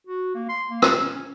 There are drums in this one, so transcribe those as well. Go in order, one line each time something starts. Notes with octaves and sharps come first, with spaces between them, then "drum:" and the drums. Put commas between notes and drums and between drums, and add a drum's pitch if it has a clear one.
F#4
A#3
C6
A#3
E6, drum: rim click
C#4
C#4